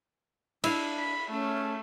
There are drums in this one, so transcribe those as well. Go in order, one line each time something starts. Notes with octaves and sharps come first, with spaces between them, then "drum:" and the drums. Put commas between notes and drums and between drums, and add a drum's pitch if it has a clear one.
D4 E4 E5 F5, drum: cymbal
B5
A3 C#4